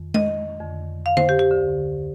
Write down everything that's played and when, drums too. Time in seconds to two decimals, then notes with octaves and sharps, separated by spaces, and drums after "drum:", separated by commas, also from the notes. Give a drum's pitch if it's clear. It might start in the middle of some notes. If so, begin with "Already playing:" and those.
Already playing: F2 D#3
0.14 D#5, drum: tom G#3
0.60 F2 D3
1.06 F5
1.17 C5, drum: tom D3
1.29 G4
1.39 G4
1.51 D2 D3